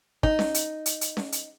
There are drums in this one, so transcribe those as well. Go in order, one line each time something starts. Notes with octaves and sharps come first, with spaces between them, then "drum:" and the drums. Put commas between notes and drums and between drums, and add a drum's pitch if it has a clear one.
D#4, drum: kick
drum: snare C#4
drum: hi-hat
drum: hi-hat
drum: hi-hat
drum: snare C#4
drum: hi-hat